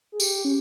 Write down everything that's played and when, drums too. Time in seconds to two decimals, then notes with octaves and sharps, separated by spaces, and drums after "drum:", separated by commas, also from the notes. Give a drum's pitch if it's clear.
0.12 G#4
0.20 G4, drum: tambourine
0.45 C#4